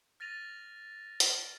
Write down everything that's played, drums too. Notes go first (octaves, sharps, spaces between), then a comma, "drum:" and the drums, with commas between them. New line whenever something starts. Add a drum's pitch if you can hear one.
F6 A6 A#6 D#7 F7
drum: hi-hat